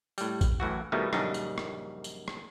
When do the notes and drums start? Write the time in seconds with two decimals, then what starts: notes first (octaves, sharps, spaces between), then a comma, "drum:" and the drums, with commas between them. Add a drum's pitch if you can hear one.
0.18 A2 G3, drum: tambourine
0.41 drum: kick, tambourine
0.60 F#2 A2 E3 F#4
0.92 B2 D#3 G3 A3 D#4 E4
1.13 A#1 F#2 C#3 G3 D4 D#4, drum: rim click
1.34 drum: tambourine
1.58 drum: rim click
2.04 drum: tambourine
2.28 drum: rim click